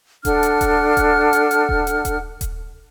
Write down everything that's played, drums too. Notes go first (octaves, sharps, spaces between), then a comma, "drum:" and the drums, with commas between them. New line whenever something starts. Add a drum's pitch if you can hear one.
D4 A4 F#5 F6, drum: kick D#1, hi-hat
drum: hi-hat
drum: kick D#1, hi-hat
drum: kick D#1, hi-hat
drum: hi-hat
drum: hi-hat
drum: kick D#1
drum: hi-hat
drum: kick D#1, hi-hat
drum: kick D#1, hi-hat